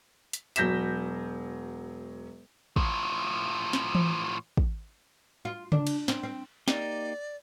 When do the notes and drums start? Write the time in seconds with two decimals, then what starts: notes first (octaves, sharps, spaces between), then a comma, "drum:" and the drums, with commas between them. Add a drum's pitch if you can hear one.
0.33 drum: hi-hat
0.56 E1 F#3 G6 A#6 B6 E7, drum: hi-hat
2.76 A2 F3, drum: kick
3.73 drum: snare
3.95 drum: tom E3
4.57 drum: kick
5.45 F4
5.72 D4, drum: tom C#3
5.87 drum: cymbal
6.08 C4, drum: snare
6.23 C4
6.68 A#3 D#4 G4 D5, drum: snare